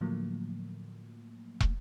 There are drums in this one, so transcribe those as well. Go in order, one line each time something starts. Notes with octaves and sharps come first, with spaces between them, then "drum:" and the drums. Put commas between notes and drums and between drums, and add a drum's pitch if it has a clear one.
A2 D3 F3 F#3 A3 A#3
drum: kick